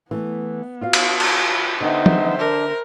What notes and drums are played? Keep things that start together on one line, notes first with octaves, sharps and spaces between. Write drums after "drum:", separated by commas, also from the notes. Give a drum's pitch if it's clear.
E3 A3 B3
F4 F#4 F5
drum: cymbal
drum: cymbal
B5
D3 B3 D#4 C5 E5 G5
drum: tom
D4 A#4